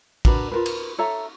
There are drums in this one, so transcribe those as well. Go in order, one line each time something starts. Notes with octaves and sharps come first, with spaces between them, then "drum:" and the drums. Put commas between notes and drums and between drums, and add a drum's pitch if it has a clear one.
D4 F#4 A#4 B4, drum: kick, cymbal
F4 A#4 B4
drum: cymbal
A4 C#5 E5 A#5